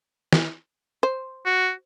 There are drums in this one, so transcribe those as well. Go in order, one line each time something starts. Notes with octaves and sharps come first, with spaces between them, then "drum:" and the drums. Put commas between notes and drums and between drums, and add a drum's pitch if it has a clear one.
drum: snare
C5
F#4